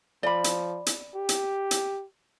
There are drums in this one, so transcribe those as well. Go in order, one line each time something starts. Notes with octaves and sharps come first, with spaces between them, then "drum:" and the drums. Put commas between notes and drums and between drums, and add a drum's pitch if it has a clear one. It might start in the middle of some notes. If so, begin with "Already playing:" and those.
F3 D5 B5
drum: hi-hat
drum: hi-hat
G4
drum: hi-hat
drum: hi-hat